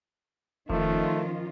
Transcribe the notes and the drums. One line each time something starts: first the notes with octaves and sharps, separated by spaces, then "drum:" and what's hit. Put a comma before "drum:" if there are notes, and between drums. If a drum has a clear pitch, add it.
D#3 F3 A3 C#4 F4, drum: kick E1